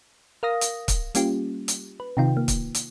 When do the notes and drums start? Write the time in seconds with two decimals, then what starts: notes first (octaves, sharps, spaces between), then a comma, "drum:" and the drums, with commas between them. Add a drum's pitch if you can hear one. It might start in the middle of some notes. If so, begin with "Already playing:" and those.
0.43 A#4 F5 D#6 A#6
0.61 drum: hi-hat
0.88 drum: kick, hi-hat
1.15 G3 A#3 C#4 F4 G4, drum: hi-hat
1.68 drum: hi-hat
2.00 B4
2.17 C3 D#3 D#4 F4 G5
2.37 A#3
2.48 drum: kick, hi-hat
2.75 drum: hi-hat